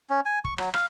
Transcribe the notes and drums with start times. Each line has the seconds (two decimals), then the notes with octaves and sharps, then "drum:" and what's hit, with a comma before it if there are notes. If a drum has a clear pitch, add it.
0.10 C#4
0.26 G#5
0.45 C#6, drum: kick
0.58 F#3, drum: rim click
0.74 F5, drum: rim click